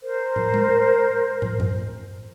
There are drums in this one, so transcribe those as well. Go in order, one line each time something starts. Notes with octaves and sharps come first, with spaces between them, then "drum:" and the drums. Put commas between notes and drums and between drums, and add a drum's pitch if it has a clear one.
A#4 C5
drum: tom
drum: tom G#3
drum: tom
drum: tom G2